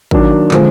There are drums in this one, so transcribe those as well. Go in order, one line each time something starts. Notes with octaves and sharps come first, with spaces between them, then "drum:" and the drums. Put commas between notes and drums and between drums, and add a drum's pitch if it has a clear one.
D#3 F#3 A#3 D4, drum: kick
D3 F3 G#3 C4, drum: clap